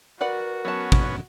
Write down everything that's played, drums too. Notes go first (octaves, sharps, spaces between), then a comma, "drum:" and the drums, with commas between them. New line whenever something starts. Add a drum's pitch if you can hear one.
F#4 A#4 B4 D5 F#5
F#3 B3 C#4 A5
drum: kick